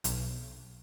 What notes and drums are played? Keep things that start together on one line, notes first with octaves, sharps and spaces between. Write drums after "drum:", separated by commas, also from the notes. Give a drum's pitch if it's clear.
B1, drum: hi-hat